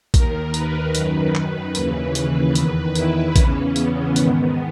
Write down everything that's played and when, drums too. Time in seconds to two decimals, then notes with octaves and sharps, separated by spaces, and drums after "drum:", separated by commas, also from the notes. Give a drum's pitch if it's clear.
0.14 D#2 D#3 A#4, drum: kick A#1, hi-hat
0.54 B4, drum: hi-hat
0.95 F#2 D#3, drum: hi-hat
1.35 B4, drum: clap
1.75 D#2 C#3 E3, drum: hi-hat
2.15 drum: hi-hat
2.55 E2 D#3 B4, drum: hi-hat
2.95 E4, drum: hi-hat
3.36 E2 C#3 E3 C#4, drum: kick A#1, hi-hat
3.76 B3, drum: hi-hat
4.16 G#2 D#3, drum: hi-hat